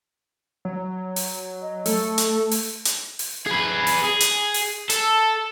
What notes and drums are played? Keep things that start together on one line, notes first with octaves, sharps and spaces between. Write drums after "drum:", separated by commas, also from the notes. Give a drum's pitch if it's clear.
F#3
drum: open hi-hat
D#5
A3 A4, drum: open hi-hat
drum: hi-hat
drum: open hi-hat
drum: hi-hat
drum: open hi-hat
G#4 B4
drum: open hi-hat
G#4
drum: hi-hat
drum: open hi-hat
A4, drum: hi-hat